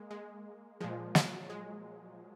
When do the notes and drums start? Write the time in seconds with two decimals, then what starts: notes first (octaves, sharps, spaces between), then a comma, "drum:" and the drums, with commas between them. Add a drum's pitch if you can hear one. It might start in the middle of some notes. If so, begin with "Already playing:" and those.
Already playing: G#3 A#3
0.10 G#3
0.80 A#2 F3 G#3
1.15 F#3, drum: snare
1.50 G#3